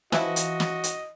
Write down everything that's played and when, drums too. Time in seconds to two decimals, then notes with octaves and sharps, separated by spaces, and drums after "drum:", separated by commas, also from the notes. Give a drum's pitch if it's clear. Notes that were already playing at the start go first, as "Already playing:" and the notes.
0.12 E3 F3 E4 F#4 D#5, drum: snare
0.36 drum: hi-hat
0.60 drum: snare
0.84 drum: hi-hat